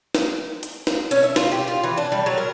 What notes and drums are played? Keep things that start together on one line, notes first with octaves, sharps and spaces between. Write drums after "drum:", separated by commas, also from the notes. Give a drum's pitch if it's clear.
drum: snare
drum: hi-hat
drum: snare
C#4, drum: hi-hat
E5
F4, drum: snare
G4
F4
E3
D4
G3
F#3
A#4